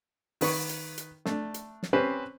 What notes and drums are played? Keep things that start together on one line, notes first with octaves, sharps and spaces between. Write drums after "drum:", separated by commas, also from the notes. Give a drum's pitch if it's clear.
D#3 B4 C#6, drum: open hi-hat
drum: hi-hat
drum: hi-hat
A3 D4, drum: snare
drum: hi-hat
drum: snare
C4 C#4 G4 B4 C5